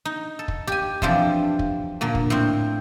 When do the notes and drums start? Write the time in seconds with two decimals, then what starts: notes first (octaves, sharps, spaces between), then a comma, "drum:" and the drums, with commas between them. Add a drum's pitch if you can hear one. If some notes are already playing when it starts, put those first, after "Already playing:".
0.05 D#4
0.39 A4
0.48 drum: kick
0.67 G4 G#5
1.02 B2 E3 F3 C4 D4 G4, drum: kick
1.59 drum: kick
2.01 A#2 D3 A#3 A#4
2.15 drum: kick
2.30 A2 C4